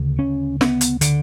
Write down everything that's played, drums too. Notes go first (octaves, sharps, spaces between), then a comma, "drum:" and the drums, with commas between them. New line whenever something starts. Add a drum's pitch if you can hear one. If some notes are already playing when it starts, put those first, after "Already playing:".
Already playing: D2 C#3
C#4
B3, drum: snare
drum: hi-hat
D3, drum: hi-hat